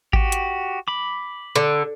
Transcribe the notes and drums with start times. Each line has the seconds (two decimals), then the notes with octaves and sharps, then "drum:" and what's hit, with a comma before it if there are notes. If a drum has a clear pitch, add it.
0.13 F#4 G4, drum: kick G#1
0.32 drum: hi-hat
0.88 B5 D6
1.56 D3